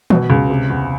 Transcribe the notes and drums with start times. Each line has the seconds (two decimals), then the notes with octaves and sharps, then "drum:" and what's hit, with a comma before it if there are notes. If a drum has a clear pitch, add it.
0.10 B2, drum: tom D#3
0.30 C#2
0.50 C3
0.70 E2